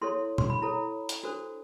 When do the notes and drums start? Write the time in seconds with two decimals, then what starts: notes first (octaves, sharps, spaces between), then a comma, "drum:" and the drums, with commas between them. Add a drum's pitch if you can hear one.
0.01 E4 A4 C#5 C6
0.38 C6, drum: tom B2
0.50 B5
0.62 E4 A4 C#5 A#5
1.09 drum: hi-hat
1.23 D4 F#4 A4 C5